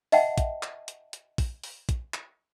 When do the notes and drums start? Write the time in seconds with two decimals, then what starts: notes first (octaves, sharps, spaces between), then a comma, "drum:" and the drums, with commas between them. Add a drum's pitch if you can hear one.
0.12 D#5 E5 F#5 G5 A5, drum: open hi-hat
0.38 drum: kick, hi-hat
0.63 drum: clap
0.88 drum: hi-hat
1.13 drum: hi-hat
1.38 drum: kick, open hi-hat
1.64 drum: open hi-hat
1.89 drum: kick, hi-hat
2.14 drum: clap